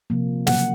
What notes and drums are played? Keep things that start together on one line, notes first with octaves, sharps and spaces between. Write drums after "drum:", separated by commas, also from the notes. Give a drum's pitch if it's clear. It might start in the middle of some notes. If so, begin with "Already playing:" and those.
C3 F3 A#3
C#3 F#3 A#3 F#5, drum: snare